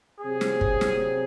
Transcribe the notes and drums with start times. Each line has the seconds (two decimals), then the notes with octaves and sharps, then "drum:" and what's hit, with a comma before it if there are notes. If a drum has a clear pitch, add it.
0.21 C3 F#3 C4 G#4
0.41 drum: snare
0.61 drum: kick
0.81 drum: snare